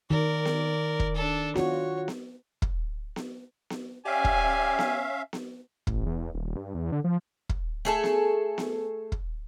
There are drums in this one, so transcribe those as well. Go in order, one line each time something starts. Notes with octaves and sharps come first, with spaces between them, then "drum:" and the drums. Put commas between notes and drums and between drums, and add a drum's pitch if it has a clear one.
D#3 A#4 D5
drum: snare B3
drum: kick
D4 A4
F4 F#4 C#5, drum: snare B3
drum: snare B3
drum: kick
drum: snare B3
drum: snare B3
C#4 G4 D5 E5 F5 G#5
drum: kick
drum: snare B3
drum: snare B3
A1, drum: kick
E2
D#1
G2
E2
D3
F3
drum: kick
A3 G#4 A4
drum: snare B3
drum: snare B3
drum: kick